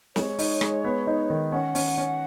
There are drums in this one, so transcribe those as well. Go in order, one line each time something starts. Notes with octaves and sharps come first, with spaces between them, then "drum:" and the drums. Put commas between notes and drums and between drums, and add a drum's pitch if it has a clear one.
G#3 C#5, drum: snare
D#4, drum: open hi-hat
G#3, drum: rim click
B3
D#4
D#3
C#4 F#5
C#4, drum: open hi-hat
C#4